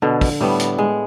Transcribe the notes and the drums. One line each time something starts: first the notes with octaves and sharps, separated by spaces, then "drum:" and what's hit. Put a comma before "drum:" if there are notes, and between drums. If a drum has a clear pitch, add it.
B2 D3
drum: kick, open hi-hat
A2 G3 B3
drum: hi-hat
G#3